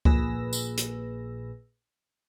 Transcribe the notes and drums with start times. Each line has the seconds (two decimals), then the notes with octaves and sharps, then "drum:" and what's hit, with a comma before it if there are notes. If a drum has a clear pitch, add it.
0.05 A#1 A#2 G#4 B4 E6 A#6, drum: kick C#2
0.53 drum: tambourine
0.77 drum: hi-hat